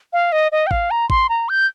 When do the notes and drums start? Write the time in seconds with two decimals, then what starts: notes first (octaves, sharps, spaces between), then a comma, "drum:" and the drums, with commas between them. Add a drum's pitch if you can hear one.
0.13 F5
0.32 D#5
0.52 D#5
0.67 G5
0.71 F5, drum: kick G#1
0.91 A#5
1.10 C6, drum: kick G#1
1.29 A#5
1.49 G6